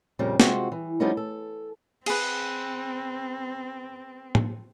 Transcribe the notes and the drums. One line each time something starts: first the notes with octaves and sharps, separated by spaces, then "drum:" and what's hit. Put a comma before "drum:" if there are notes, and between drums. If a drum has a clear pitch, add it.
F2 A#2 C#3 G3
C3 G#3 C4 F4 F#4, drum: snare
E3
F3 G3 A3 B3 C#4 D#4
A4
C4 G#4 B4, drum: cymbal
drum: tom A2